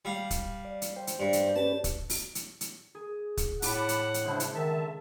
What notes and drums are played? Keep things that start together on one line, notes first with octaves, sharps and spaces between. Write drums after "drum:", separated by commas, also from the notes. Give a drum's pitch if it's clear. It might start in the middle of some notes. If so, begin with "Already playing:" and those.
G3 F5
drum: kick, hi-hat
D5
drum: hi-hat
C5 G5
drum: hi-hat
G2 D5
drum: hi-hat
C#4 G4 B4 A5
drum: kick, hi-hat
drum: open hi-hat
drum: hi-hat
drum: hi-hat
G#4
drum: kick, hi-hat
A2 F#5 A5 B5 D6, drum: open hi-hat
drum: hi-hat
drum: hi-hat
C#3 G#3 C#4 D4 E4 C5
drum: hi-hat
D3 D#3 E5 A5